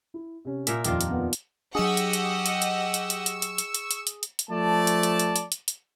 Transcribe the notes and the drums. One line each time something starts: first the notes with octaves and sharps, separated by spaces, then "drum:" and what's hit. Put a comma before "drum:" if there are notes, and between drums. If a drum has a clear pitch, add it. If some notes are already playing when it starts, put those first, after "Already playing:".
E4
C3 C#4
A#2 A#4 E5 G#5, drum: hi-hat
D#1 F2 D#3 D4 F4, drum: hi-hat
drum: hi-hat
B3
drum: hi-hat
F#3 D4 G4 G#4 D#5 F#5 C#6 E6
drum: hi-hat
drum: hi-hat
drum: hi-hat
drum: hi-hat
drum: hi-hat
drum: hi-hat
drum: hi-hat
drum: hi-hat
drum: hi-hat
drum: hi-hat
drum: hi-hat
drum: hi-hat
drum: hi-hat
drum: hi-hat
F3 A3 D5 A5
drum: hi-hat
drum: hi-hat
drum: hi-hat
drum: hi-hat
drum: hi-hat
drum: hi-hat